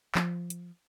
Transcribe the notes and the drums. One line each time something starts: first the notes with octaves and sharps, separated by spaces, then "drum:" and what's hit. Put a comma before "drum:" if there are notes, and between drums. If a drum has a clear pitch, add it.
F3, drum: clap
drum: hi-hat